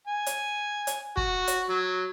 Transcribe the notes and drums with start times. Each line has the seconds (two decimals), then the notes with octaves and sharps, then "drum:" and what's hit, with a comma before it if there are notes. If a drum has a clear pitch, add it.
0.07 G#5
0.26 drum: hi-hat
0.87 drum: hi-hat
1.17 F#4, drum: kick
1.48 drum: hi-hat
1.70 F#3